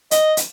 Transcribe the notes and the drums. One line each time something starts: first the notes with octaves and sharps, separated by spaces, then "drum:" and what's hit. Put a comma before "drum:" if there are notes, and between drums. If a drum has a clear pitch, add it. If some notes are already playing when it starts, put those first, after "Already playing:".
D#5, drum: hi-hat
drum: hi-hat